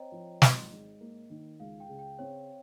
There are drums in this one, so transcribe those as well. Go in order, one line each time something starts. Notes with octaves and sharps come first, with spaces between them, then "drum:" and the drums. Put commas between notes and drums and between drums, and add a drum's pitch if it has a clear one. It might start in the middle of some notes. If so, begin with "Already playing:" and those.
Already playing: C4 C5 C#5 D#5 G5 A#5
F3
G#1, drum: snare
G#2
A#3
D#3
C#2 F5
G5
C#3
G5
C4 C#5